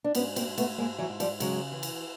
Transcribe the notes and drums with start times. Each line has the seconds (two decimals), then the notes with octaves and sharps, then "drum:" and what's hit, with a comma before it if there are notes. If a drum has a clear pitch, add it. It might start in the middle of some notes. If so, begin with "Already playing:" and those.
0.04 D4
0.15 G#2 B3 C#4, drum: cymbal
0.36 A#3 C4, drum: cymbal
0.47 G#2
0.58 A3 B3, drum: cymbal
0.78 G#2 G#3 A#3
0.98 E3 F#3
1.09 G#2
1.20 F3 G3, drum: cymbal
1.40 C#3 F#3 G#3, drum: cymbal
1.72 E3
1.83 drum: cymbal